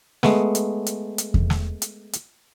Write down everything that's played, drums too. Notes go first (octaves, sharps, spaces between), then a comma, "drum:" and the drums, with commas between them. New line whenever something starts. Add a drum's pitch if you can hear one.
G#3 A3 B3, drum: snare
drum: hi-hat
drum: hi-hat
drum: hi-hat
drum: kick E2
drum: snare
drum: hi-hat
drum: hi-hat